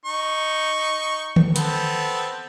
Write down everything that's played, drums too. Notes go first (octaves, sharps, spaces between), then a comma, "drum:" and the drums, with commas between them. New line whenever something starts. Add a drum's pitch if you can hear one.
D#4 C#6
drum: tom D3
B3 C4 A4, drum: hi-hat